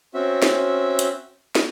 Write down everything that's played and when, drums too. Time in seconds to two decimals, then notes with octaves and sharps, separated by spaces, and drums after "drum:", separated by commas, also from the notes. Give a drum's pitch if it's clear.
0.14 C4 C#4 F#4 E5
0.42 drum: snare
0.99 drum: hi-hat
1.55 drum: snare